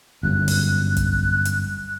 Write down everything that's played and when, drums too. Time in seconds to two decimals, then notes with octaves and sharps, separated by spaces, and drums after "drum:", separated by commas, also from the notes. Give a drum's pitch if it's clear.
0.23 G1 F#2 A2 F#6
0.48 drum: open hi-hat
0.97 drum: kick, hi-hat
1.45 drum: hi-hat